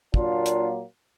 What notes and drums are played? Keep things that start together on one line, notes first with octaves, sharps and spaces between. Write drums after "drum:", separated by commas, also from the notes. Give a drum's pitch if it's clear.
A#2 F#3 A#3 D4 F4, drum: kick
drum: hi-hat